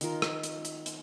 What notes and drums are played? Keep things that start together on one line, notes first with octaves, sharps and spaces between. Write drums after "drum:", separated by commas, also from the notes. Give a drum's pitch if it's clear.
D#3 F4 A#4, drum: hi-hat
drum: rim click
drum: hi-hat
drum: hi-hat
drum: hi-hat